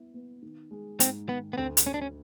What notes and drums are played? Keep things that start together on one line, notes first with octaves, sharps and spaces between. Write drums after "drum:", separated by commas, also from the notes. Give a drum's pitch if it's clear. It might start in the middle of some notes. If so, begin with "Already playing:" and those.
Already playing: B3 E4
B3
D#3
G#3
G#2 C4, drum: hi-hat
D#3 B3
B3
D2 C4
drum: hi-hat
D2 C#4
D4
C#4